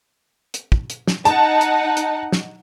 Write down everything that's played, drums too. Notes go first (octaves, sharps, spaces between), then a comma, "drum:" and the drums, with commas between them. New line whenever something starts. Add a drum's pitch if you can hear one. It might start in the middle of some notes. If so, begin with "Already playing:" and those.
drum: hi-hat
drum: kick
drum: hi-hat
drum: snare
D#4 F#5 A5, drum: hi-hat
drum: hi-hat
drum: hi-hat
drum: snare